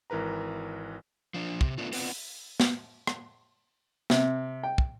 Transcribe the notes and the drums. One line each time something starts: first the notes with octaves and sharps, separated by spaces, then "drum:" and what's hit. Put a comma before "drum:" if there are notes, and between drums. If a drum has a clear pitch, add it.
G#1 E3 A#4 B4 A#5
F3 D4
C3, drum: kick
A3 B3 D4 F4
B3 C4 F4 B4 D5 F#5, drum: open hi-hat
drum: snare B3
drum: rim click
C3, drum: snare B3
G5
drum: kick